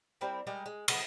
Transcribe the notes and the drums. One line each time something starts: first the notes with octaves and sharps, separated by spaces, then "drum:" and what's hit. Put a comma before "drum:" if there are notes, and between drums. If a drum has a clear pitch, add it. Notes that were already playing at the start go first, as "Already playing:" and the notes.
G3 C4 E4 A#4
G3 G#3 A#4 D#5
G#3
C#3 F#3 B3 G#4, drum: cymbal